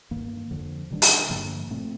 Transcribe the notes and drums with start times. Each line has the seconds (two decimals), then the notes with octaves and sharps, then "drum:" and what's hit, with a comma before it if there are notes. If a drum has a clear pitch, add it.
0.11 G2 D#3 A#3
0.51 F2 D3 F3
0.90 C3 D#3 G3 D4
1.02 drum: open hi-hat
1.30 G2 D3 F3 A#3
1.70 A#2 A3 C4